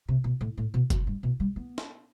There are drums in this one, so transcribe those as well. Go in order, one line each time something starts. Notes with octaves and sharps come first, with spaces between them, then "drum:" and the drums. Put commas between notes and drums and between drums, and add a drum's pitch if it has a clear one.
C3
B2
A2
A2
B2
F#2, drum: kick F#1, hi-hat
G2
B2
G3
B3
drum: snare